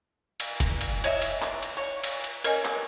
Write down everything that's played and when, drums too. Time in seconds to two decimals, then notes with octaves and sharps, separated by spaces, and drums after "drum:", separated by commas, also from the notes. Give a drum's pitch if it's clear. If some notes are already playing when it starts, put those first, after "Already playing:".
0.40 drum: cymbal
0.60 drum: kick, cymbal
0.81 drum: cymbal
1.04 C#5 D#5 E5, drum: cymbal
1.22 drum: cymbal
1.42 drum: clap
1.63 drum: cymbal
1.77 C#5
2.04 drum: cymbal
2.24 drum: cymbal
2.44 C#4 A#4 D#5 G#5, drum: cymbal
2.65 drum: clap